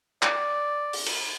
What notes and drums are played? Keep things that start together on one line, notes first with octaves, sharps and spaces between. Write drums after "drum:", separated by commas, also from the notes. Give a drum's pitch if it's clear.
D5, drum: clap
drum: open hi-hat
drum: cymbal